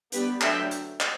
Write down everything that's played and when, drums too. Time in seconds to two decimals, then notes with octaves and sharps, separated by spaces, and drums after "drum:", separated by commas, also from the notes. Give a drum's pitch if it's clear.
0.12 G3 B3 D4 G4 B4, drum: hi-hat
0.41 D3 F#3 A3 D4 E5 G5, drum: clap
0.71 drum: hi-hat
1.00 drum: clap